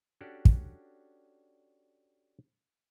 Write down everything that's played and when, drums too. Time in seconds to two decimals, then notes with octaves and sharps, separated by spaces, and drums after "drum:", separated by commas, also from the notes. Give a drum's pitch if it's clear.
0.21 C#4 D4 F#4 G4 A4 D5
0.45 drum: kick